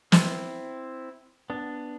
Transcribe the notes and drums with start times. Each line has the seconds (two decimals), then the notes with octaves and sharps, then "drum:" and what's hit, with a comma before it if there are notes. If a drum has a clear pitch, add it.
0.12 C4 E4, drum: snare
1.50 B3 D4